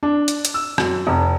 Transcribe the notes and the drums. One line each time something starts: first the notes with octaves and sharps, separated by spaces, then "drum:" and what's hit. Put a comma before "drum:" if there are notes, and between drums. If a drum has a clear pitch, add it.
D4
drum: hi-hat
drum: hi-hat
E6
F#2, drum: rim click
F1